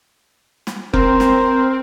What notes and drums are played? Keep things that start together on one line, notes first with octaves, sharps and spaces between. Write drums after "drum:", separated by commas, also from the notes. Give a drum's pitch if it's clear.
drum: snare
C4 A#4 C5, drum: kick F1
drum: snare